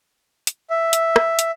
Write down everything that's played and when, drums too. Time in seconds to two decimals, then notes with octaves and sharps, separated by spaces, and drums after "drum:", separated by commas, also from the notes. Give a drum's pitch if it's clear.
0.47 drum: hi-hat
0.70 E5
0.93 drum: hi-hat
1.16 drum: rim click
1.39 drum: hi-hat